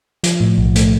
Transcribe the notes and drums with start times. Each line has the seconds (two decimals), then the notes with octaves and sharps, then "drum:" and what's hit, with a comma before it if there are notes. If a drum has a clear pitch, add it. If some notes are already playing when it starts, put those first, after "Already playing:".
0.24 F3, drum: hi-hat
0.40 A2
0.58 B1
0.75 A3, drum: hi-hat